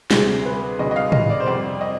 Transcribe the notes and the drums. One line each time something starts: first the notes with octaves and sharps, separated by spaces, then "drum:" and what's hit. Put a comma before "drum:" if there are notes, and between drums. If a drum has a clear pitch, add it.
D2 C3 G3 G#4, drum: snare
B4
D2 C3 G3 D#5
D#5
F5
D#5, drum: tom
D5
C5
F2 C3 G3 D5
D#5